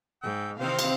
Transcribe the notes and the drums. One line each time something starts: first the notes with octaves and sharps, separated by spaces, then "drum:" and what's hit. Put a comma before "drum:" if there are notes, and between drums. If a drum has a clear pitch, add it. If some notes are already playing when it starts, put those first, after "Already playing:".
G#2 G5 E6
C3 D#3 E3 C4 D#4 C5 F5
drum: cymbal